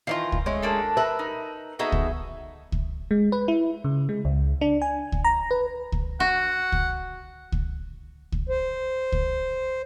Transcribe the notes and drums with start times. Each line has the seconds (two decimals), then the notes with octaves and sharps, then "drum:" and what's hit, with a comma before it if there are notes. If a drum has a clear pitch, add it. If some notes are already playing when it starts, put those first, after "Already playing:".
0.07 D#3 E3 F4 F5 A#5
0.32 drum: kick C#2
0.46 G#3 A3 C#4
0.62 A#3 D4 A4
0.97 A#4 B4 E5
1.19 D#4
1.79 B3 D#4 F#4 G#4 A4 E5
1.92 drum: kick C#2
2.72 drum: kick C#2
3.11 G#3
3.32 B4
3.48 E4
3.84 C#3
4.09 G#3
4.25 C#2
4.61 D4
4.82 G#5
5.12 drum: kick C#2
5.24 A#5
5.51 B4
5.92 drum: kick C#2
6.20 F#4 F#5
6.72 drum: kick C#2
7.52 drum: kick C#2
8.32 drum: kick C#2
8.49 C5
9.12 drum: kick C#2